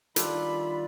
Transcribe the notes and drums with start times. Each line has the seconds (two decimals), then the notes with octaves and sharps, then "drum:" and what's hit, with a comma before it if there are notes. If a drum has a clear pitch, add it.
0.16 D#3 G3 D4 F4 A4 E5 B5, drum: hi-hat